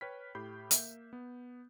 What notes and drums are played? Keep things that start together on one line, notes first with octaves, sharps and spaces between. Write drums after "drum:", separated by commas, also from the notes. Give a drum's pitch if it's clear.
B4 C#5 G5 F6 B6
A2 G4 B5 G6 C7
A#3 E5, drum: hi-hat
B3